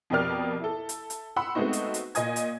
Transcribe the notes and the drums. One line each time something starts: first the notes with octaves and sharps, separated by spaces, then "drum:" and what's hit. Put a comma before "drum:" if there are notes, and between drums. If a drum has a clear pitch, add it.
F2 B2 G4 A#4 D5 F6
E4 A4
drum: hi-hat
drum: hi-hat
F#5 B5 C6 E6
G#3 A3 B3 C4 D#4 F#4
drum: hi-hat
drum: hi-hat
A#2 D#5 G#5 D#6 G#6, drum: hi-hat
drum: hi-hat